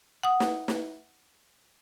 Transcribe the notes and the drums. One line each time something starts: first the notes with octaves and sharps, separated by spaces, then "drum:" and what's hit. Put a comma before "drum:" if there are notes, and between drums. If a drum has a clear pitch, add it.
F#5 D#6
drum: snare
drum: snare